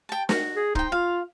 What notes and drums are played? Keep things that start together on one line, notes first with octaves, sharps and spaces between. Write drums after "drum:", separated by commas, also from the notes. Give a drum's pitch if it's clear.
G5 A5
F#4, drum: snare
G#4
D#4 C5 G5, drum: kick
F4 F5